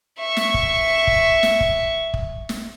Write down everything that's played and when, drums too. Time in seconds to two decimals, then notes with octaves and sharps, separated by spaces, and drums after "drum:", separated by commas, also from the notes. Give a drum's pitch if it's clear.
0.19 E5 C#6
0.37 drum: snare
0.54 drum: kick
1.07 drum: kick
1.43 drum: snare
1.60 drum: kick
2.14 drum: kick
2.49 drum: snare